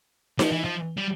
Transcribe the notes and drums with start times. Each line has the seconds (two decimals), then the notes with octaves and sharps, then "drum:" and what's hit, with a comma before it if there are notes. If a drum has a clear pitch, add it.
0.39 F3, drum: snare D#4
0.52 E3
0.64 F3
0.97 G3